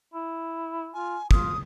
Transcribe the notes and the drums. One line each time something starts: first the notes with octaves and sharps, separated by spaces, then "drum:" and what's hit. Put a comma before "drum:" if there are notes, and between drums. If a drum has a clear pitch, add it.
E4
F4 G#5
F4 D#6, drum: kick